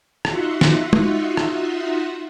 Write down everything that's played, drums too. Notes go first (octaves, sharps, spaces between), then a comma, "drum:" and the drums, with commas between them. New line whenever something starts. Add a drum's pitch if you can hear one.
D#4 F4 F#4 E5 F#5 C6, drum: rim click
drum: snare
drum: tom
drum: rim click